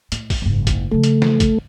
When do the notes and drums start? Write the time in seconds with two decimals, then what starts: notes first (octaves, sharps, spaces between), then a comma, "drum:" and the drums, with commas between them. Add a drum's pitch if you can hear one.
0.12 A2, drum: hi-hat
0.30 drum: kick, open hi-hat
0.42 F#1 G#2
0.67 drum: kick, hi-hat
0.91 C#3 F3 A3
1.04 drum: hi-hat
1.22 drum: snare
1.40 drum: kick, hi-hat